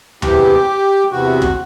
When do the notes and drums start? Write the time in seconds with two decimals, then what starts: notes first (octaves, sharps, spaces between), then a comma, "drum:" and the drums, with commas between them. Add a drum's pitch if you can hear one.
0.22 E2 C3 E3 G4, drum: tom D2
1.11 E2 C3 E3 F#4
1.42 drum: kick